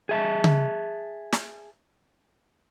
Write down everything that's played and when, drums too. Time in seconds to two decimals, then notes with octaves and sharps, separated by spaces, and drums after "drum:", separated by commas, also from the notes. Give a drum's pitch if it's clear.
0.09 G#4 E5 A5
0.44 drum: tom C#3
1.33 drum: snare